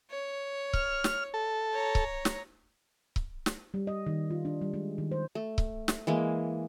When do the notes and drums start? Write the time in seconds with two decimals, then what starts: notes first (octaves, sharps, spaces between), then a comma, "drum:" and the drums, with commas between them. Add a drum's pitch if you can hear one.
0.11 C#5
0.73 F6, drum: kick C#1
1.04 drum: snare
1.34 A4
1.74 C#5 A#5
1.95 drum: kick C#1
2.25 drum: snare
3.16 drum: kick C#1
3.46 drum: snare
3.74 G3
3.87 D#5
4.07 D#3
4.31 F4
4.45 D4
4.62 G3
4.74 G#3
4.98 D#3
5.12 C5
5.35 A3
5.58 drum: kick C#1
5.88 drum: snare
6.07 E3 G#3 A#3